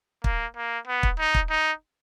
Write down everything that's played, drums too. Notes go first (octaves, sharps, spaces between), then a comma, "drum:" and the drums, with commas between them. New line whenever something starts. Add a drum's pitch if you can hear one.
A#3, drum: kick
A#3
B3
drum: kick
D#4
drum: kick
D#4